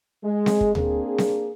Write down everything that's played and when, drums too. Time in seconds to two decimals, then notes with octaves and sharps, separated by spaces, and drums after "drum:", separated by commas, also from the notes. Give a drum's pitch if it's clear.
0.24 G#3
0.46 drum: snare C4
0.61 drum: kick
0.75 A#3 C4 D4 G#4, drum: tom D2
1.18 drum: snare C4